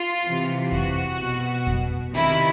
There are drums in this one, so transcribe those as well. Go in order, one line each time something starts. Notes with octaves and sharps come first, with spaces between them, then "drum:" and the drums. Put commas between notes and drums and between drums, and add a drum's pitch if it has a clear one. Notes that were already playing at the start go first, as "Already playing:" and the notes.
Already playing: F4
C3 E3
F#4, drum: kick F2
B2
drum: kick F2
C3 D#3 E4